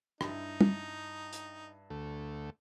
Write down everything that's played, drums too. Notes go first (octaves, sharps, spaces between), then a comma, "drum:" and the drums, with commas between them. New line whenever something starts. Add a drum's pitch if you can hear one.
G2 D#4 E4, drum: rim click
drum: tom
drum: hi-hat
D2 A3